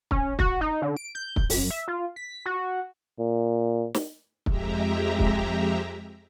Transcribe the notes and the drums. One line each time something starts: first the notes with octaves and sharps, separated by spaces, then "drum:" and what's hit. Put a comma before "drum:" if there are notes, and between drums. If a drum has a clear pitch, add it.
C#4, drum: kick
F#4, drum: kick
D#4
D3
D7
G6
drum: kick
F#2, drum: open hi-hat
E5
F4
B6
F#4
A#2
drum: snare
F2 G#3 G4 E5 A#5, drum: kick
drum: kick